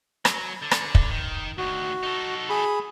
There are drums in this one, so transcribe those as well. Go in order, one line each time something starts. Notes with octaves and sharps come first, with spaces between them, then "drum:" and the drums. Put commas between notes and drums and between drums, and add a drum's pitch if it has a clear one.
F#3, drum: rim click
D3
drum: rim click
drum: kick
D#3
D2 D#3 F#4
D#4 A4
G#4 B5